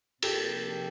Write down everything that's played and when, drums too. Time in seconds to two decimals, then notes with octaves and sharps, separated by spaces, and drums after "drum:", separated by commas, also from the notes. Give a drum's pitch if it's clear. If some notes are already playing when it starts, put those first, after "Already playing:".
0.22 C3 F3 A#3 G4 A4, drum: cymbal